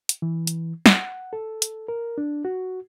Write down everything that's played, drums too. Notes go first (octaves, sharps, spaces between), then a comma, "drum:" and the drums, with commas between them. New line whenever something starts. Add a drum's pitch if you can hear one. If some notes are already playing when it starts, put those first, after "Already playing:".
drum: hi-hat
E3
drum: hi-hat
F#5, drum: snare
A4
drum: hi-hat
A#4
D4
F#4